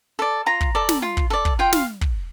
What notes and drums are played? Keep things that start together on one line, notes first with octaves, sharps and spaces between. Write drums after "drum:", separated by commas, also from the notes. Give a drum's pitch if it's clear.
A4 D5
F4 A#5
drum: kick
A4 D5
drum: snare
F4
drum: kick
A4 D5
drum: kick
F4 G5
F5, drum: snare
drum: kick